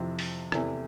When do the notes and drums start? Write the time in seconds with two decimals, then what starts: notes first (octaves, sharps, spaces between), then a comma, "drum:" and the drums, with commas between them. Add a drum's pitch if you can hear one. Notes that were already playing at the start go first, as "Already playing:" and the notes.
Already playing: F2 C3 F3 C4 E4
0.19 drum: open hi-hat
0.52 E2 C3 E3 A3 E4, drum: rim click